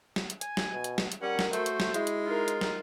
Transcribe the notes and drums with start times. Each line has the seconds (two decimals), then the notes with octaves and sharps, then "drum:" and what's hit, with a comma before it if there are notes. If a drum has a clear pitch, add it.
0.16 drum: snare
0.30 drum: hi-hat
0.41 G#5, drum: hi-hat
0.57 drum: snare
0.71 B2
0.84 drum: hi-hat
0.98 drum: snare
1.12 drum: hi-hat
1.22 G3 C#4 A#4 F#5
1.39 drum: snare
1.53 A3 F#4 C5, drum: hi-hat
1.66 drum: hi-hat
1.80 drum: snare
1.94 G#3 E4, drum: hi-hat
2.07 drum: hi-hat
2.26 D#4 F4 A#4
2.48 drum: hi-hat
2.61 drum: snare